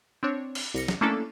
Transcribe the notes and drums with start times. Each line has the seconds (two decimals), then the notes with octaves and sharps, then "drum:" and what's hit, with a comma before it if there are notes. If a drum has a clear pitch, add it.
0.23 C4 D4 C#5
0.55 drum: cymbal
0.74 C2 A#6 C#7
0.88 drum: snare
1.01 A3 A#3 C#4 D4 E4 A4